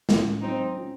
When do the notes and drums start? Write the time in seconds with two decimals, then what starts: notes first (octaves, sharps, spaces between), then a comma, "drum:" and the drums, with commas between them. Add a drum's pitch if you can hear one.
0.09 C#4 F4, drum: snare
0.41 F#3 C4 D#4
0.75 C#4 F4